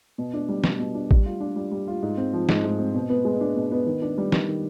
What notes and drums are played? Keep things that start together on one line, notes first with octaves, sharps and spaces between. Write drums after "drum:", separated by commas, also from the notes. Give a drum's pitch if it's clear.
B2
D4
G3
B2, drum: snare
B2
D4
G3, drum: kick A1
F4
D4
G3
G3
F4
G#2
C4
F3
G#2, drum: snare
G#2
C4
B2
B3
G#3
D4
B2
B3
D#3
D4
G3
D#3, drum: snare
D#3